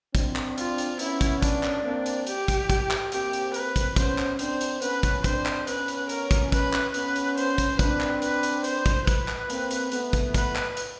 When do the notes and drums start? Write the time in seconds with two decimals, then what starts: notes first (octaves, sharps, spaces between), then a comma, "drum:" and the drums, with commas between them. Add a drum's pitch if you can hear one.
0.15 C4 D4, drum: kick, hi-hat
0.36 drum: clap
0.58 F4, drum: hi-hat
0.78 drum: hi-hat
0.99 B3 C#4 E4, drum: hi-hat
1.21 drum: kick, hi-hat
1.42 D4, drum: kick, hi-hat
1.63 drum: clap
1.85 A#3 C4
2.06 drum: hi-hat
2.27 G4, drum: hi-hat
2.48 drum: kick, hi-hat
2.70 drum: kick, hi-hat
2.91 drum: clap
3.12 A#3 C4 G4, drum: hi-hat
3.33 drum: hi-hat
3.54 B4, drum: hi-hat
3.76 drum: kick, hi-hat
3.96 B3 C#4 C5, drum: kick, hi-hat
4.18 drum: clap
4.39 C4 D4 C5, drum: hi-hat
4.61 drum: hi-hat
4.82 B3 C#4 B4, drum: hi-hat
5.03 drum: kick, hi-hat
5.24 C4 D4 C5, drum: kick, hi-hat
5.46 drum: clap
5.67 B3 C#4 B4, drum: hi-hat
5.88 drum: hi-hat
6.09 A#4, drum: hi-hat
6.31 drum: kick, hi-hat
6.52 B4, drum: kick, hi-hat
6.73 drum: clap
6.94 B3 C#4 B4, drum: hi-hat
7.16 drum: hi-hat
7.38 C5, drum: hi-hat
7.58 drum: kick, hi-hat
7.79 C4 D4 B4, drum: kick, hi-hat
8.01 drum: clap
8.22 B4, drum: hi-hat
8.43 drum: hi-hat
8.64 C5, drum: hi-hat
8.86 drum: kick, hi-hat
9.07 B4, drum: kick, hi-hat
9.28 drum: clap
9.50 A#3 C4, drum: hi-hat
9.71 drum: hi-hat
9.92 A3 B3, drum: hi-hat
10.13 drum: kick, hi-hat
10.34 B4, drum: kick, hi-hat
10.56 drum: clap
10.77 drum: hi-hat